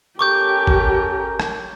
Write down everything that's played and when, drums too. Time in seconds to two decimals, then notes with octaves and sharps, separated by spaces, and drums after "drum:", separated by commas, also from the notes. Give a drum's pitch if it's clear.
0.19 C#4 G4 A4 A#4 C#6 D6 G6
0.67 drum: kick
1.40 drum: rim click